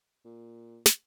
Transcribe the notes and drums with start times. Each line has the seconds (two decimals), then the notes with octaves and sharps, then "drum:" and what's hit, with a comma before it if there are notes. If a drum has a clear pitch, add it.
0.25 A#2
0.86 drum: snare